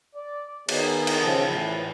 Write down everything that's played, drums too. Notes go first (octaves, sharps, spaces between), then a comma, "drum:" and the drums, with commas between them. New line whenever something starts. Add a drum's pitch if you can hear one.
D5
D#3 B3 D#4 G#4, drum: cymbal
drum: cymbal
C#3 F3 A4
A2 E3 B4